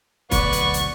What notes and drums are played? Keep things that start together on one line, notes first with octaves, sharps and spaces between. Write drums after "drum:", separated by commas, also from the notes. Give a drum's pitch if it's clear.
D2 B2 F#3 B4 D5 F#5 C#6, drum: kick, hi-hat
drum: hi-hat
drum: hi-hat